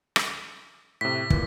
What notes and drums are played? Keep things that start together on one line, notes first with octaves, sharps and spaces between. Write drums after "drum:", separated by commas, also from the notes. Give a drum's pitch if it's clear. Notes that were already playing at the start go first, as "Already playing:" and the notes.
drum: rim click
A2 C3 B6
A#2 E3, drum: kick